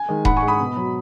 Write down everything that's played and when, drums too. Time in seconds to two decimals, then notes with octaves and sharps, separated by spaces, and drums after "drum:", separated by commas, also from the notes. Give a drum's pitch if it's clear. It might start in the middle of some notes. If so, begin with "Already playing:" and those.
Already playing: G#5
0.09 D#3 G#3
0.25 G#2 F#5 B5, drum: kick D#1
0.37 G#5 C#6
0.42 G#3
0.48 B5 D#6
0.60 B2
0.77 F#3